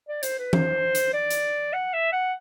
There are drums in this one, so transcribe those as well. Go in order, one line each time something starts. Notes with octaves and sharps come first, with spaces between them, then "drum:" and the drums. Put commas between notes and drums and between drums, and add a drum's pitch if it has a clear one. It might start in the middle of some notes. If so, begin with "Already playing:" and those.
D5
C5, drum: hi-hat
B4
C5, drum: tom E3
drum: hi-hat
D5
drum: hi-hat
F#5
E5
F#5